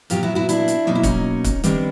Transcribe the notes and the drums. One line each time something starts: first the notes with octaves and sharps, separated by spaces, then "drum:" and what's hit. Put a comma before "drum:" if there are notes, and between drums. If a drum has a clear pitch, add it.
A#2 F#3 B3 F4 G4, drum: hi-hat
E4 F#4
E4 F#4
D4 E4, drum: hi-hat
drum: hi-hat
B2 F#3 A#3 D#4
E4
C#4 D#4, drum: kick, hi-hat
drum: kick, hi-hat
D#3 G3 B3 C4 D4, drum: hi-hat